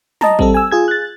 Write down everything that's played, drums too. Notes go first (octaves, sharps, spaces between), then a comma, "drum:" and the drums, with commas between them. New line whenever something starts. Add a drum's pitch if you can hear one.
D#5 A5 A#5, drum: snare
G3 C4 A4, drum: kick A1
G#5 E6
F4 G#4 G#6
F#6 A6